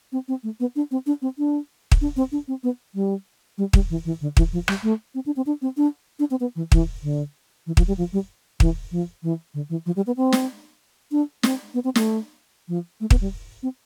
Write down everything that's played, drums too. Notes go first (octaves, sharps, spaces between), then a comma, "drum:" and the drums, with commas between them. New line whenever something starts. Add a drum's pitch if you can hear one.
C4
C4
A3
B3
D4
C4
D4
C4
D4
drum: kick
D4
C4
D4
C4
B3
G3
G3
G3, drum: kick
E3
E3
D3
E3, drum: kick
F3
G3, drum: rim click
A3
C4
D4
C4
D4
C4
D4
D4
C4
B3
E3
E3, drum: kick
D3
E3
F3, drum: kick
G3
F3
G3
E3, drum: kick
F3
E3
D3
E3
F3
G3
B3
C4
drum: snare
D4
C4, drum: snare
B3
C4
A3, drum: snare
F3
A3
B3, drum: kick
G3
C4